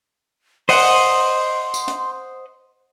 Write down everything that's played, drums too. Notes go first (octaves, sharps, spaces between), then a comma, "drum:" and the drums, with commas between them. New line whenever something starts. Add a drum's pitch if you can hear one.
C5 D#5 F#5 C6, drum: open hi-hat
drum: tambourine
drum: hi-hat